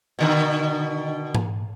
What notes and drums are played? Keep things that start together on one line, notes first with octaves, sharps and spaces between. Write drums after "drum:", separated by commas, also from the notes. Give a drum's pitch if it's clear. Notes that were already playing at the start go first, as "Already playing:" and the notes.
B2 D3 D#3
drum: tom G#2